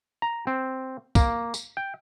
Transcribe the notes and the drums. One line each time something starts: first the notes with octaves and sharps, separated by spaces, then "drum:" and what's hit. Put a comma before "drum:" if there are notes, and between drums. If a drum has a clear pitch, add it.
A#5
C4
A#3, drum: kick C2, tambourine
drum: tambourine
G5